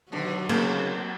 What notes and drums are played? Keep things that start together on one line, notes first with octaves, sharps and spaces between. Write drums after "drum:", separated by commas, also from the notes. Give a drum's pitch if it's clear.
D#2 B2 D3 F#3
C#3 A#3 C4, drum: cymbal